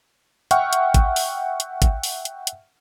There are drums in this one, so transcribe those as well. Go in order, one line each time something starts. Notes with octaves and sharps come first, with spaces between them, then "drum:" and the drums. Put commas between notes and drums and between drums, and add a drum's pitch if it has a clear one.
E5 F#5 G5 C#6 F6, drum: hi-hat
drum: hi-hat
drum: kick, hi-hat
drum: open hi-hat
drum: hi-hat
drum: kick, hi-hat
drum: open hi-hat
drum: hi-hat
drum: hi-hat